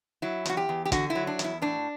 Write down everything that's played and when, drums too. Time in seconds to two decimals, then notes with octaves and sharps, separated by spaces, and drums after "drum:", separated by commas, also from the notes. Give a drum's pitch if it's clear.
0.22 F#3 E4
0.45 E2 F#4, drum: hi-hat
0.57 G4
0.69 E2
0.85 G4
0.92 D3 F#4, drum: kick, hi-hat
1.10 E4
1.15 F#3
1.27 D4
1.39 E2, drum: hi-hat
1.44 E4
1.62 A2 D4